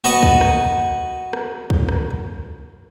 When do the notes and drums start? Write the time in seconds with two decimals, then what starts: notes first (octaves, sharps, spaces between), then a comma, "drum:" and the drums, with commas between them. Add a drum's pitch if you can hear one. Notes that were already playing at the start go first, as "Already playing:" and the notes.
0.04 F#4 B4 D#5 A5 C#6
0.23 drum: kick
0.41 drum: rim click
1.33 drum: rim click
1.70 drum: kick
1.89 drum: rim click